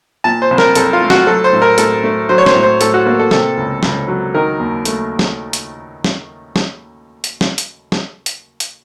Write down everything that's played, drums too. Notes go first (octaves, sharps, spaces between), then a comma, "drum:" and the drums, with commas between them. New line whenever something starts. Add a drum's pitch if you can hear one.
A#2 A5
C5
C2
A#4, drum: snare
C2 A4, drum: hi-hat
F4
A3
F#4, drum: snare
F#3 A4
C5
A2
A#4
A2 A4, drum: hi-hat
A3
F#3 C5
C#5
C5, drum: snare
A2
C5
A2 A4, drum: hi-hat
F#4
A#3
A4
C3 A4, drum: snare
C#2
C#2, drum: snare
F#3
D#3 A#4
D#2
A3, drum: hi-hat
drum: snare
drum: hi-hat
drum: snare
drum: snare
drum: hi-hat
drum: snare
drum: hi-hat
drum: snare
drum: hi-hat
drum: hi-hat